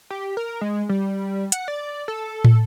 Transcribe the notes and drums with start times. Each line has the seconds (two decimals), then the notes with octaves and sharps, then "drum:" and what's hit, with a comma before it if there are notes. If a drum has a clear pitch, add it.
0.10 G4
0.37 A#4
0.61 G#3
0.89 G3
1.52 F#5, drum: hi-hat
1.68 D5
2.08 A4
2.45 drum: tom